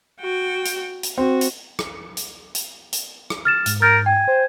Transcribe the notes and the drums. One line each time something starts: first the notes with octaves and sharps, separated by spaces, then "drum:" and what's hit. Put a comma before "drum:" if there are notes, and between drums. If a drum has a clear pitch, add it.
F#4 G5
drum: hi-hat
drum: hi-hat
C4 F#4
drum: hi-hat
drum: rim click
drum: hi-hat
drum: hi-hat
drum: hi-hat
drum: rim click
F6 A6 E7
G#2, drum: hi-hat
A#4 F6 G6 A6
G5 G#5
C5